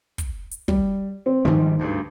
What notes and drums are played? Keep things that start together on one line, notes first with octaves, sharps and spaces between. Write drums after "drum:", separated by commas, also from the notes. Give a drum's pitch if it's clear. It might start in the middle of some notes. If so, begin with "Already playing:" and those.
drum: kick, hi-hat
drum: hi-hat
G3, drum: kick
C4
G#2 D#3 F3 G3
D2 G2